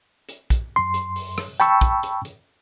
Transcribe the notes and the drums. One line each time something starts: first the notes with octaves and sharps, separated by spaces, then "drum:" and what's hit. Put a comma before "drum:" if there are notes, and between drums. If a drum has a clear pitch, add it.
drum: hi-hat
drum: kick, hi-hat
F#2 C6
drum: hi-hat
drum: open hi-hat
drum: rim click
G5 A5 B5 C#6 E6, drum: hi-hat
drum: kick, hi-hat
drum: hi-hat
drum: hi-hat